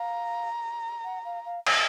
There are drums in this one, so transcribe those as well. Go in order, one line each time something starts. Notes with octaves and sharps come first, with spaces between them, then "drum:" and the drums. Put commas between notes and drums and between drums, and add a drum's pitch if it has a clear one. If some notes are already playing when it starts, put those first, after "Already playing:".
Already playing: F5 A#5
F#5
F5
F5
D#5, drum: cymbal